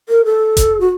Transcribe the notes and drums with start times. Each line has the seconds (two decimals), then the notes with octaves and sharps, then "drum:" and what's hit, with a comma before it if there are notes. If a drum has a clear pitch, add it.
0.09 A#4
0.25 A4
0.57 drum: kick F1, hi-hat
0.80 F#4